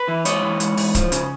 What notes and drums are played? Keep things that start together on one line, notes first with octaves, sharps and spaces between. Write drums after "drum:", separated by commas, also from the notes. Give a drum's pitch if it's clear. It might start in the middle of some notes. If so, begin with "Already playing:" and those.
Already playing: B4
E3
G#2 C#5 D#5, drum: hi-hat
E3
G#2, drum: hi-hat
E3, drum: open hi-hat
F3, drum: kick, hi-hat
C#3, drum: hi-hat